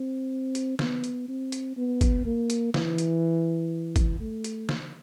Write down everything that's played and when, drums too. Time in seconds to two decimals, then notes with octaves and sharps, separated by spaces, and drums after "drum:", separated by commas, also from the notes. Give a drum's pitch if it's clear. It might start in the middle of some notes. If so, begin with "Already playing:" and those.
Already playing: C4
0.55 drum: hi-hat
0.79 B3, drum: snare
1.04 drum: hi-hat
1.28 C4
1.52 drum: hi-hat
1.77 B3
2.01 drum: kick, hi-hat
2.25 A#3
2.50 drum: hi-hat
2.74 E3, drum: snare
2.98 drum: hi-hat
3.96 drum: kick, hi-hat
4.20 A3
4.44 drum: hi-hat
4.69 drum: snare